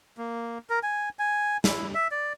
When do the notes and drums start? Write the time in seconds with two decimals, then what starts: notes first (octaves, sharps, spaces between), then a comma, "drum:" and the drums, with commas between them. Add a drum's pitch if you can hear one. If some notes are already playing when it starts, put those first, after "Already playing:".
0.18 A#3
0.70 A#4
0.83 G#5
1.19 G#5
1.64 E4, drum: snare
1.94 E5
2.11 D5